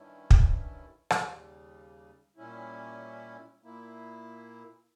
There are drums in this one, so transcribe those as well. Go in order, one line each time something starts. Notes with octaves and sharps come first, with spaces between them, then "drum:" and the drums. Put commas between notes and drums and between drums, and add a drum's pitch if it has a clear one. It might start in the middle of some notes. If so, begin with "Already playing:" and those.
Already playing: G2 D#3 G3 C#4 E4
drum: kick
D#2 C#3 G3, drum: rim click
A#2 G3 C#4 E4
A#2 A#3 E4